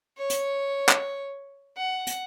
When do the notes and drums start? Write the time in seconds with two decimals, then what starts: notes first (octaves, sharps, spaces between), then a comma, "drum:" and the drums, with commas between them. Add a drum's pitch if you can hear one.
0.19 C#5
0.30 drum: hi-hat
0.89 drum: clap
1.77 F#5
2.07 drum: hi-hat